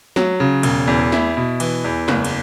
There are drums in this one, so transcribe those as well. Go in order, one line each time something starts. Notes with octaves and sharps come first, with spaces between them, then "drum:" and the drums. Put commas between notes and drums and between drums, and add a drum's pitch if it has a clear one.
F#3, drum: snare
C#3
E1, drum: cymbal
E2
E4, drum: snare
B2
E3, drum: cymbal
E2
F#1, drum: snare
drum: cymbal